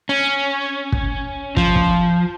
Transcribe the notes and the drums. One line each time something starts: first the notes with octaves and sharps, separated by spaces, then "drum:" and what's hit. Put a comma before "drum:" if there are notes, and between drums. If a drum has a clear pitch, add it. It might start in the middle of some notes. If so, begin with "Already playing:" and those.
C#4
drum: kick
F3, drum: kick
drum: kick